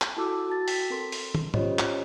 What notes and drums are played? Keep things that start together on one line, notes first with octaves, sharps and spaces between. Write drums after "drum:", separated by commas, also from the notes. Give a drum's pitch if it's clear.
drum: clap
E4 F#4 A4 A5 D6 E6
F#4 A5 A6
G5 B6, drum: open hi-hat
C4 A4 A#4 C6
drum: open hi-hat
drum: tom
C#4 F4 G4 C5 C#5 D#5, drum: tom G#2
drum: clap